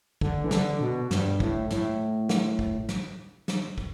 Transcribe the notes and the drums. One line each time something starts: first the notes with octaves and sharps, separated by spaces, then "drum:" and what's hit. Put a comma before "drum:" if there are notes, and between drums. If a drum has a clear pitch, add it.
D3, drum: kick
E3
D3, drum: snare
B2
G2, drum: snare
A2, drum: kick
A2, drum: snare
drum: snare
drum: kick
drum: snare
drum: snare
drum: kick